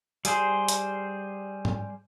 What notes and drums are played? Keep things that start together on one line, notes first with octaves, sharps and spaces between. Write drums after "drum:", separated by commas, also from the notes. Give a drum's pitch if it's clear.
G3 G#4 C5, drum: hi-hat
drum: hi-hat
drum: tom G#2